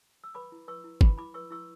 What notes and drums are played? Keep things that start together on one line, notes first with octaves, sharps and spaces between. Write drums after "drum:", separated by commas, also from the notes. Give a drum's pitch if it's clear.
E6
B4 B5 D6
E4
B4 C#6 E6
E4
B4 B5 D6, drum: kick G1
E4 B5 D6
B4 C#6 E6
E4 C#6 E6